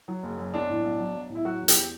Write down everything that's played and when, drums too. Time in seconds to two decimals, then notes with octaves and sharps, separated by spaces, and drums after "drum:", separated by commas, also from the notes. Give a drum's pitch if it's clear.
0.08 F#3
0.23 F#1
0.38 F#2
0.53 B1 D4
0.69 A2
0.84 B1
1.00 F#3
1.14 B1
1.29 A2
1.35 E4
1.45 F#3 F#4
1.61 E2
1.68 G4, drum: hi-hat